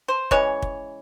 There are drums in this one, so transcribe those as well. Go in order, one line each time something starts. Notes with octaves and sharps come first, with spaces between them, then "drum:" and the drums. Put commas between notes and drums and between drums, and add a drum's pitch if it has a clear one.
C5
C#3 E3 G#3 C#5, drum: kick
drum: kick